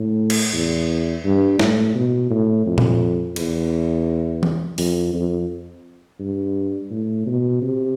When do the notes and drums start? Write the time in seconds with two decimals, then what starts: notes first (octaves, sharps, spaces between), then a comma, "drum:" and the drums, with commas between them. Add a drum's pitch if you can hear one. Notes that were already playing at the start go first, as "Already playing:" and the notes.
Already playing: A2
0.30 drum: cymbal
0.53 E2
1.25 G2
1.59 A2, drum: snare
1.95 B2
2.30 A2
2.66 F2
2.78 drum: tom A#2
3.36 E2, drum: cymbal
4.43 drum: tom E3
4.78 F2, drum: open hi-hat
5.13 F2
6.20 G2
6.91 A2
7.26 B2
7.62 C3